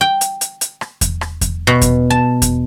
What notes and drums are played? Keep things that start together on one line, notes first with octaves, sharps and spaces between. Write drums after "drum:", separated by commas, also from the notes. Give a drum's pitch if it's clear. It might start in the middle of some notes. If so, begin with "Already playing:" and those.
G5
drum: hi-hat
drum: hi-hat
drum: hi-hat
drum: rim click
drum: kick E2, hi-hat
drum: rim click
drum: kick E2, hi-hat
B2
drum: kick E2, hi-hat
A5
drum: kick E2, hi-hat